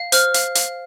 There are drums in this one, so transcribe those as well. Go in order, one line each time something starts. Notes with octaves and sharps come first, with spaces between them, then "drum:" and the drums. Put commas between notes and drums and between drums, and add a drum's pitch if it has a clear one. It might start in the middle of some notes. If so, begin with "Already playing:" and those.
Already playing: F5
C5 F6, drum: hi-hat
F5, drum: hi-hat
F5, drum: hi-hat